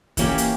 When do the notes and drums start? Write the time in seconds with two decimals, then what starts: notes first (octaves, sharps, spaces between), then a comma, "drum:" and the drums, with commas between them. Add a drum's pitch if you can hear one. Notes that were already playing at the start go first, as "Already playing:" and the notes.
0.17 E3 A#3 C#4 G4, drum: kick, hi-hat
0.38 drum: hi-hat